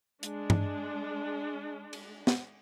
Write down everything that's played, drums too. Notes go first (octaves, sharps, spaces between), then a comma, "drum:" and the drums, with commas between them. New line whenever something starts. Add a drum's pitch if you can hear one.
G#3 D4, drum: hi-hat
drum: tom G2
drum: cymbal
drum: snare